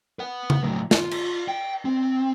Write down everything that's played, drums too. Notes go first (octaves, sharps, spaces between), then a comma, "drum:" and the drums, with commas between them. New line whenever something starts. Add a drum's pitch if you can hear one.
B4 F#5
drum: tom C#3
A2 F#3
F4, drum: snare
drum: cymbal
G5
C4